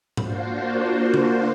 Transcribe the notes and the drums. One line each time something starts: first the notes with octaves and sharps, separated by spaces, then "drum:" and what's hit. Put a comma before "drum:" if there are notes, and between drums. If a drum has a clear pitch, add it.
A#3 D4 F4 F#4 C5, drum: tom G#2
drum: tom C#3